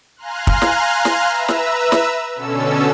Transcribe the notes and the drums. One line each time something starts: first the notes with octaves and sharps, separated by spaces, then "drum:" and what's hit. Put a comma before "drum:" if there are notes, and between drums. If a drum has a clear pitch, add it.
F5 G#5 A#5 C6 F6 F#6
drum: kick
drum: snare
drum: snare
B4 E5 A#5 E6
drum: snare
drum: snare
B2 D3 C#4 A4 E6